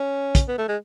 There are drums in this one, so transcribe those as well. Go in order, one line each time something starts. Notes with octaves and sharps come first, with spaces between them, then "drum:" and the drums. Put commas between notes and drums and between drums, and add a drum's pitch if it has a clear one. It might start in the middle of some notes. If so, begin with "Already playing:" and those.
Already playing: C#4
drum: kick, hi-hat
B3
A3
G#3